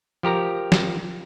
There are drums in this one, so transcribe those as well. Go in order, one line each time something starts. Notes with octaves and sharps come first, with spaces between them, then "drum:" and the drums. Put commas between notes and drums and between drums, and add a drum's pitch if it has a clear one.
F3 G4 A#4 A#5
drum: snare